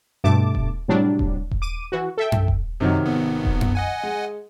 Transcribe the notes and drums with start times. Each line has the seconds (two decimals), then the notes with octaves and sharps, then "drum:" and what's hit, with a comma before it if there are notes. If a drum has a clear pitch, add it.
0.24 G2 B2 A3 A5 D6
0.55 drum: kick D#1
0.88 A2 C3 F#3 G3 D4
1.19 drum: kick D#1
1.51 drum: kick D#1
1.62 D6 D#7
1.92 E3 F#4
2.18 A4 E5 G5
2.32 drum: tom F#2
2.48 drum: kick D#1
2.80 F#2 C3 D#3 F#3
3.06 G#1 B3
3.45 drum: kick D#1
3.61 drum: tom F#2
3.75 D#5 F#5 G#5
4.03 G#3